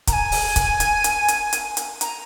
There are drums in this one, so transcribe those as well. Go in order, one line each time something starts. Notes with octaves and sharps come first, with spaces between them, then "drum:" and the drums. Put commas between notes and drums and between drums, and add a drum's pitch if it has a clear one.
A#5, drum: kick, hi-hat
G#5
drum: open hi-hat
drum: kick, hi-hat
drum: hi-hat
drum: hi-hat
drum: hi-hat
drum: hi-hat
drum: hi-hat
A#5, drum: hi-hat